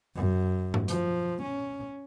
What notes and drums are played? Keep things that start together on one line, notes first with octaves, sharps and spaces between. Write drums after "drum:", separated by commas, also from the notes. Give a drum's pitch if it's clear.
F#2
drum: tom G#2
F3, drum: hi-hat
C#4